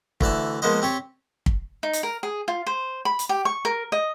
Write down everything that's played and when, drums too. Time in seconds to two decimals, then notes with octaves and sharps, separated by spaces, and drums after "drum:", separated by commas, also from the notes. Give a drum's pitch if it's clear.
0.21 D2 E3 D5 A5, drum: kick
0.62 F3 G#3 A#3 B3 C5 D#5
0.82 C4 G4 C#5
1.46 drum: kick
1.83 D#4
1.93 drum: hi-hat
2.03 A#4
2.23 G#4
2.48 F4
2.67 C5
3.05 B5
3.19 drum: hi-hat
3.29 G4
3.45 C#6
3.65 A#4
3.92 D#5